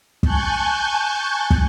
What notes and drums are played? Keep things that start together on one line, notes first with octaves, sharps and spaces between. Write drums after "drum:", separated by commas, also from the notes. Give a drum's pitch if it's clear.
G#5 A5 C#6 F#6 G6, drum: kick
drum: kick